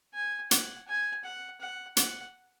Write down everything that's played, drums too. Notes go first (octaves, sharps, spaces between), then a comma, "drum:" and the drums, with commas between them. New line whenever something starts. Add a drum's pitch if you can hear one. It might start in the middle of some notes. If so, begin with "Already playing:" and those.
G#5
F#5, drum: hi-hat
G#5
F#5
F#5
F#5, drum: hi-hat